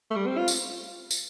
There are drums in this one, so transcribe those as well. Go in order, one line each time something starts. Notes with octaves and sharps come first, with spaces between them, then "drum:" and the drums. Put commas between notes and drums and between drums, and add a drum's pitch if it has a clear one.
A3
G3
C4
F4
drum: tambourine
drum: tambourine